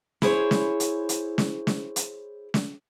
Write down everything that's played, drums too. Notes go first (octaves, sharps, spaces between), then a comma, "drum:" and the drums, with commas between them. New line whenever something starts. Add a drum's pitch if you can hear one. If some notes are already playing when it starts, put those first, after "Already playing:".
E4 G#4 C5 C#5, drum: snare
drum: snare
drum: hi-hat
drum: hi-hat
drum: snare
drum: snare
drum: hi-hat
drum: snare